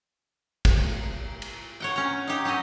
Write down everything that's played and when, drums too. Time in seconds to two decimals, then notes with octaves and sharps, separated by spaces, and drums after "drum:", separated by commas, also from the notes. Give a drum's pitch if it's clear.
0.65 drum: kick, cymbal
1.42 drum: cymbal
1.80 C#5 F#5 G5
1.96 C#4 A#5
2.27 D#4 G4
2.45 F#3 C#4 D#4 D#5